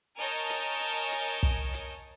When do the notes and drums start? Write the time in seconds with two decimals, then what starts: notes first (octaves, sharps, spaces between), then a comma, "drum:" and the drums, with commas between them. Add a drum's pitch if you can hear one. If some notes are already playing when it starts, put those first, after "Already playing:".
0.19 A#4 C#5 D#5 G#5 A5 G6
0.50 drum: hi-hat
1.12 drum: hi-hat
1.43 drum: kick
1.74 drum: hi-hat